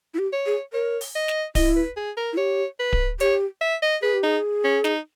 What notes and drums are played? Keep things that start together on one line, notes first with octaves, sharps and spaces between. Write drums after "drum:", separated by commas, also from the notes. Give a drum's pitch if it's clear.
E4
G4
C#5
G#4
A#4 C#5
drum: open hi-hat
D#5
drum: snare
E4 D#5, drum: kick D1, open hi-hat
B4
G#4
A#4
E4
G4 C#5
B4
drum: kick D1
G4 C#5, drum: hi-hat
E5
D#5
G#4 B4
G4
D#4 G#4
C#4
D#4, drum: snare